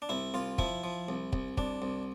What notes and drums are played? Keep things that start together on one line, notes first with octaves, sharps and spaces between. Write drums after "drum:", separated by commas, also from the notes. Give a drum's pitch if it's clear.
D4
C2 E4
C2 F4
F3 E4, drum: kick
F3
C2
C2, drum: kick
C2 D4, drum: kick
C2